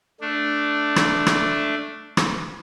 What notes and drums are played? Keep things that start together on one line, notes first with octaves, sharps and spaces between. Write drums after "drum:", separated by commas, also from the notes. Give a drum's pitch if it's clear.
A3 D4
drum: rim click
drum: rim click
drum: rim click